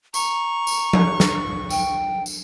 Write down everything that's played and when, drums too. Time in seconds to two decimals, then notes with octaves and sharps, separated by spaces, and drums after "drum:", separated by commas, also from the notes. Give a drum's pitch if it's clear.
0.14 A#5 C#6, drum: tambourine
0.67 drum: tambourine
0.93 drum: tom F3
1.20 drum: snare
1.70 G5, drum: tambourine
2.26 drum: tambourine